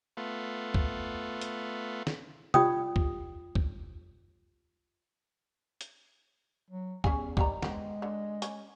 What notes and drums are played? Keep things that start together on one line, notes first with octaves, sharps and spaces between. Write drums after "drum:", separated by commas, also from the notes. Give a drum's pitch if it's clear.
A3 B3 F4
drum: kick
drum: hi-hat
drum: snare
F4 G4 D5 G5 D#6, drum: tom
drum: kick
drum: kick
drum: hi-hat
F#3
E2 C#4 G#4 G#5, drum: kick
D#3 G3 A#5, drum: kick
G#3 B3 C4, drum: snare
D3
C#4, drum: hi-hat